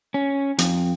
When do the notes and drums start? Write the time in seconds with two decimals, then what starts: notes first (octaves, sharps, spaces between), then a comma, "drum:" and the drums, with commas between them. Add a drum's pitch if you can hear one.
0.14 C#4
0.58 F2, drum: hi-hat